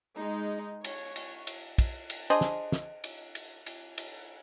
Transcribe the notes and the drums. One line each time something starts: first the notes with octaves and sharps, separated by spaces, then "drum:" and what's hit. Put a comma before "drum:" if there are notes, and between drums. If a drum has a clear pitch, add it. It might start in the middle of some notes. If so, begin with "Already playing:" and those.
G#3 D#4
C#5, drum: cymbal
drum: cymbal
drum: cymbal
drum: kick, cymbal
drum: cymbal
D4 G#4 C5 D#5
drum: snare
drum: snare
drum: cymbal
drum: cymbal
drum: cymbal
drum: cymbal